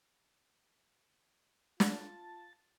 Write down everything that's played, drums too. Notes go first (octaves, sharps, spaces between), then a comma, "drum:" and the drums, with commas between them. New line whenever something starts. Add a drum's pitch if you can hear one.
F4 A5, drum: snare